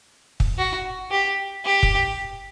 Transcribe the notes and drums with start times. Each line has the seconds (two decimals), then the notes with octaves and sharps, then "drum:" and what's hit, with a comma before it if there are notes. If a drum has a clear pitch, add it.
0.40 drum: kick
0.58 F#4
1.11 G4
1.65 G4
1.83 drum: kick